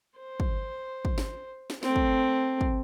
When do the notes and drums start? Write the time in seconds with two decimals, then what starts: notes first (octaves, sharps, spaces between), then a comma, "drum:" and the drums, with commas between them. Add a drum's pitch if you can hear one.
0.19 C5
0.40 drum: kick
1.05 drum: kick
1.18 drum: snare
1.70 drum: snare
1.83 A3 C4, drum: snare
1.96 drum: kick
2.61 drum: kick